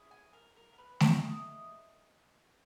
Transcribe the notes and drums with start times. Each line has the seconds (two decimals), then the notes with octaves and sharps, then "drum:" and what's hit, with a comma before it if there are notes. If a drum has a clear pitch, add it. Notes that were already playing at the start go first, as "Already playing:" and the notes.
Already playing: C#4 E4 G#4
0.11 G#5
0.33 A#4
0.56 A#4
0.73 A#4
0.78 B4
1.00 C#5, drum: snare A3
1.23 A#3 E4 G#4 D#5